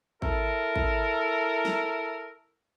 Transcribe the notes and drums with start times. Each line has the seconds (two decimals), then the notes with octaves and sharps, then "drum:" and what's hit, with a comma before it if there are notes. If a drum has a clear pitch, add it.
0.22 E4 A4 A#4, drum: kick G#1
0.76 drum: kick G#1
1.65 drum: snare